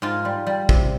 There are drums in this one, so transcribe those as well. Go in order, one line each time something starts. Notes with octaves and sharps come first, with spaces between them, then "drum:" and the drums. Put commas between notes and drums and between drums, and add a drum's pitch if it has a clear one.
G#2 F4
G3
G3
C3, drum: kick